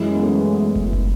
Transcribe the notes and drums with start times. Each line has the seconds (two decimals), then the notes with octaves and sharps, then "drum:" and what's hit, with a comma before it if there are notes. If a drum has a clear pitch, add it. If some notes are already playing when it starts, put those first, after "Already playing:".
Already playing: F#2 E3 G#3 C#4 E4
0.15 B3
0.22 A3 C#4
0.75 drum: kick
0.93 drum: kick